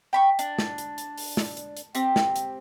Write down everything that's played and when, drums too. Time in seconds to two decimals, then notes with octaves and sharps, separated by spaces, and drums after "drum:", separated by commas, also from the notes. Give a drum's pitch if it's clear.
0.13 G5 B5 C#6
0.39 D4, drum: hi-hat
0.59 drum: snare
0.78 drum: hi-hat
0.98 drum: hi-hat
1.18 drum: open hi-hat
1.37 drum: snare
1.57 drum: hi-hat
1.77 drum: hi-hat
1.95 C4 G4, drum: hi-hat
2.16 drum: snare
2.36 drum: hi-hat